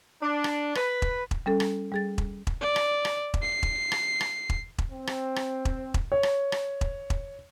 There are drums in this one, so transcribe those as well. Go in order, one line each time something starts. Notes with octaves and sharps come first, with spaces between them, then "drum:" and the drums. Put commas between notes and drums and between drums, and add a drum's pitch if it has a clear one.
D4
drum: rim click
B4, drum: rim click
drum: kick E1
drum: kick E1
G3 C#4 A4
drum: rim click
G3 G#4 A6
drum: kick E1
drum: kick E1
D5
drum: rim click
drum: rim click
drum: kick E1
C7
drum: kick E1
drum: rim click
drum: rim click
drum: kick E1
drum: kick E1
C4
drum: rim click
drum: rim click
drum: kick E1
drum: kick E1
C#5
drum: rim click
drum: rim click
drum: kick E1
drum: kick E1